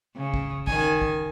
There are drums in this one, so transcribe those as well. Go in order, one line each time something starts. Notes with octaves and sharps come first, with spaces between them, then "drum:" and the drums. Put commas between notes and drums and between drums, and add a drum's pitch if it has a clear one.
C#3
drum: kick
D#3 G#5, drum: kick
drum: kick